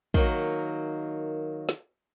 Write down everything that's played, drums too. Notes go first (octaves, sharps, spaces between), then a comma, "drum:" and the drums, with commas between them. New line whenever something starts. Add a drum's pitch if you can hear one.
D#3 F#3 A#3, drum: kick
drum: snare